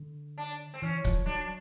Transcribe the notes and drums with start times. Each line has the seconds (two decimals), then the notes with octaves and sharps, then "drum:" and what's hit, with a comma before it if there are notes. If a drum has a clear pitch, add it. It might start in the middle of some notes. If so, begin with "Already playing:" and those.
Already playing: D3
0.38 D4
0.74 C4
0.82 E3 C#4
1.05 F3, drum: kick C#1
1.26 F#3 D4